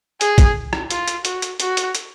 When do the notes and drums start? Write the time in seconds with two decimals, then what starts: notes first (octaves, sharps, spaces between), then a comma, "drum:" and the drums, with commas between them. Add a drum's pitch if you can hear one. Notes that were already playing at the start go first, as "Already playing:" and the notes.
0.21 G#4, drum: hi-hat
0.38 drum: kick, hi-hat
0.73 drum: rim click
0.91 F4, drum: hi-hat
1.08 drum: hi-hat
1.25 F#4, drum: hi-hat
1.42 drum: hi-hat
1.60 F#4, drum: hi-hat
1.77 drum: hi-hat
1.95 drum: hi-hat